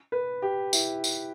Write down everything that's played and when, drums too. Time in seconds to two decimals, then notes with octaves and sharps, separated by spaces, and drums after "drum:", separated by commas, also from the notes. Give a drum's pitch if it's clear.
0.12 B4
0.42 G4
0.73 E4, drum: tambourine
1.04 drum: tambourine